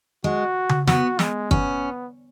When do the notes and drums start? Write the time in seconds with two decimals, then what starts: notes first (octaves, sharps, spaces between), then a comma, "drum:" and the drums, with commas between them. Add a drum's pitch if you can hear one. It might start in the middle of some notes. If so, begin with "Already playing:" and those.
0.24 G#3 F#4
0.69 drum: tom C#3
0.87 B3 F#4, drum: snare
1.19 G#3, drum: snare
1.51 B3 C#4, drum: kick